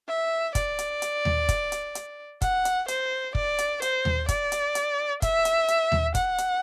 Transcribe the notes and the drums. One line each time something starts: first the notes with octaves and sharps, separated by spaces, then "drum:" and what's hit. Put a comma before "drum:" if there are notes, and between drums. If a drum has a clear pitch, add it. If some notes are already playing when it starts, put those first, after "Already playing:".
E5
D5, drum: kick, hi-hat
drum: hi-hat
drum: hi-hat
drum: tom D#2
drum: kick, hi-hat
drum: hi-hat
drum: hi-hat
F#5, drum: kick, hi-hat
drum: hi-hat
C5, drum: hi-hat
D5, drum: kick
drum: hi-hat
C5, drum: hi-hat
drum: tom D#2
D5, drum: kick, hi-hat
drum: hi-hat
drum: hi-hat
E5, drum: kick, hi-hat
drum: hi-hat
drum: hi-hat
drum: tom D#2
F#5, drum: kick, hi-hat
drum: hi-hat